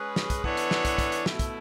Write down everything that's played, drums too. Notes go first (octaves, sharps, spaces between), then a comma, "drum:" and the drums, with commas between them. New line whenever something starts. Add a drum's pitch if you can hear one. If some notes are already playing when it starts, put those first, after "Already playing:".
Already playing: G#3 C#4 G#4 B4
drum: snare
drum: kick, hi-hat
E3 B3 D4 A4 C#5, drum: kick
drum: hi-hat
drum: snare
drum: kick, hi-hat
drum: kick, hi-hat
drum: hi-hat
B2 A3 E4, drum: snare
drum: kick, hi-hat